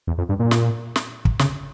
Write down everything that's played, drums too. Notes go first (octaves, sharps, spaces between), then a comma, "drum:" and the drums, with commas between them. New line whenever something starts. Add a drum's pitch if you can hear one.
E2
F2
G2
A#2
drum: snare
drum: snare
drum: kick
C#3, drum: snare